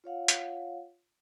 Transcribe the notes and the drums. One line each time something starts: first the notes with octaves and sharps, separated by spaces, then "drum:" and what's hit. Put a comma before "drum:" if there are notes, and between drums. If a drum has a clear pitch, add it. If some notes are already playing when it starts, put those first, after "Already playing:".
F4 C#5 F5 F#5
drum: hi-hat